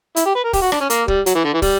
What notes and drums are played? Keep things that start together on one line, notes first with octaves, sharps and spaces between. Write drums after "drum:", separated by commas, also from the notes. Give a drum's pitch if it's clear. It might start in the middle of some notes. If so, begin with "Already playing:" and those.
E4, drum: hi-hat
G4
B4
A#4
G4, drum: kick, open hi-hat
F#4
D4, drum: rim click
C#4
A#3, drum: hi-hat
G3, drum: kick
F#3, drum: hi-hat
E3
D3
E3
G3, drum: kick, open hi-hat